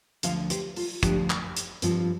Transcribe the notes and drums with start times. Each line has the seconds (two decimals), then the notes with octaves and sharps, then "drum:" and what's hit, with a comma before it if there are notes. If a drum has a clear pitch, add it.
0.23 D2 D3 F3 C5 F5, drum: hi-hat
0.50 G4 C5, drum: hi-hat
0.76 F4 A4, drum: open hi-hat
1.03 D2 D3 F3 D4 G4, drum: kick, hi-hat
1.30 drum: clap
1.57 drum: hi-hat
1.82 G2 F3 C4 F4, drum: hi-hat